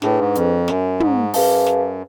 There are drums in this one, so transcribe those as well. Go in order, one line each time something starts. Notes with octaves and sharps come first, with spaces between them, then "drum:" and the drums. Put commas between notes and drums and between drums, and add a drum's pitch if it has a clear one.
A2 D4 G#4 B4, drum: snare
G#2
F2, drum: hi-hat
F#2, drum: snare
G#2, drum: tom
F#2 G#4 B4 F5 A5, drum: open hi-hat
drum: snare